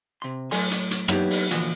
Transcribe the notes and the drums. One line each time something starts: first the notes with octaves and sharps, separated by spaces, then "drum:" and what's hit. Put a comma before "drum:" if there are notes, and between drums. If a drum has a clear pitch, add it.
C3 C6
A2 F#3 A4 G#5 C6, drum: open hi-hat
drum: hi-hat
drum: hi-hat
F#3 A#3 B3 D#4 E4 G4, drum: rim click
drum: open hi-hat
A#2 D3 E3 F3 F#4, drum: hi-hat